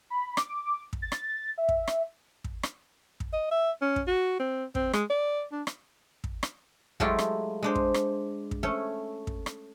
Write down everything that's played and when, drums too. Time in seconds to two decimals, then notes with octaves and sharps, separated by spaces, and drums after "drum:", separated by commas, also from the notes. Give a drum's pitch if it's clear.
0.10 B5
0.37 D6, drum: rim click
0.93 drum: kick
1.02 A6
1.12 drum: rim click
1.58 E5
1.69 drum: kick
1.88 drum: rim click
2.44 drum: kick
2.63 drum: rim click
3.20 drum: kick
3.33 D#5
3.51 E5
3.82 C#4
3.96 drum: kick
4.07 F#4
4.40 C4
4.75 C4, drum: kick
4.93 G#3, drum: rim click
5.10 D5
5.52 D4
5.67 drum: rim click
6.24 drum: kick
6.43 drum: rim click
7.00 F#3 G#3 A3 E4 F4 G4, drum: kick
7.19 drum: rim click
7.63 G#3 D4 C5
7.75 drum: kick
7.94 drum: rim click
8.51 drum: kick
8.63 A3 C#4 C#5
9.27 drum: kick
9.46 drum: rim click